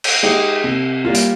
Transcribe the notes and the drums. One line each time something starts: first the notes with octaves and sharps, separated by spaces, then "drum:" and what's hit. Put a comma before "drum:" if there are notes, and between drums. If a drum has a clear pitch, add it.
drum: cymbal
G#3 D#4 G4
C3
G3 A#3 F4
drum: hi-hat